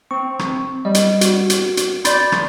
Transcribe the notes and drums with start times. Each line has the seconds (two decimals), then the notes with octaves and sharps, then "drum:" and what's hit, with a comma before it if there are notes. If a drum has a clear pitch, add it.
0.11 C4 C#6
0.39 drum: rim click
0.85 G3 D#5
0.94 drum: hi-hat
1.21 F#4, drum: hi-hat
1.50 drum: hi-hat
1.77 drum: hi-hat
2.05 D5 B5 C6 G6 A6, drum: hi-hat
2.32 drum: rim click